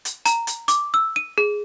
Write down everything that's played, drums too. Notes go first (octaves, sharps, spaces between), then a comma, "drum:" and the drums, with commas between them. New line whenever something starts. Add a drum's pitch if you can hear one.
drum: hi-hat
A#5, drum: hi-hat
drum: hi-hat
D6, drum: hi-hat
E6
D#7
G#4